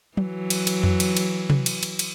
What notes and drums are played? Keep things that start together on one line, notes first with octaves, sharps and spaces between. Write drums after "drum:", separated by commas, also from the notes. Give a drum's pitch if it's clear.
E3 F#3, drum: tom
drum: cymbal
drum: cymbal
drum: tom F2
drum: cymbal
drum: cymbal
drum: tom C3
drum: cymbal
drum: cymbal
drum: cymbal